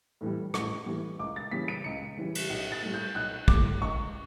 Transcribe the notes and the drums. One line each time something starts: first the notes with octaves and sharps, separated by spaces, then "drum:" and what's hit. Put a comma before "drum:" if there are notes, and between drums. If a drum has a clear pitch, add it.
A2 E3 G3
A1 C#6, drum: rim click
A2 E3 G3
C#2 D6
A6
C#3 E3 G3 B6
D7
C#2 C#7
C#3 E3 G3
drum: cymbal
B1 C#7
A6
A2 G3
G6
B1 F#6
A2 G3 D6, drum: kick
C#2 C#6